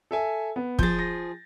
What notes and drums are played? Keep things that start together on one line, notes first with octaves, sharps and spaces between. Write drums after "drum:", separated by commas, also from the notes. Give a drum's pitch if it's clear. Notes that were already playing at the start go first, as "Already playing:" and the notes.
A4 E5 G#5
B3
F3 G#4 G6 A6, drum: kick
A#6